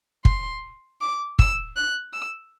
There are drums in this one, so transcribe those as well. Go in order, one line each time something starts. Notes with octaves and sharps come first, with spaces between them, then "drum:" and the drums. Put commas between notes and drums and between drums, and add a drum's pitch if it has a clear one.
C6, drum: kick
D6
E6, drum: kick
F#6
E6